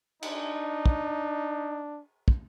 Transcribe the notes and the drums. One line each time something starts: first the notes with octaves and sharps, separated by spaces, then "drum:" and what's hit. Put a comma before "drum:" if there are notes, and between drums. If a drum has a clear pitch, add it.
D4 D#4, drum: cymbal
drum: kick
drum: kick